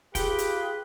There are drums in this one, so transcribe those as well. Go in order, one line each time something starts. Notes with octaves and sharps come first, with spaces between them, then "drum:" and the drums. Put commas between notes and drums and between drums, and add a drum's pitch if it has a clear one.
F4 G4 G#4 B4 G5, drum: kick, hi-hat
drum: hi-hat